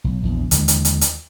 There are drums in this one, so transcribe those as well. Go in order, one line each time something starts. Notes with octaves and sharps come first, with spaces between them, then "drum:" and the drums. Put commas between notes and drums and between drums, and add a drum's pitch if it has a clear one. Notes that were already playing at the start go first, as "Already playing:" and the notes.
B1
A#1 E2
D#2 D3 E3 G#3, drum: hi-hat
drum: hi-hat
drum: hi-hat
drum: hi-hat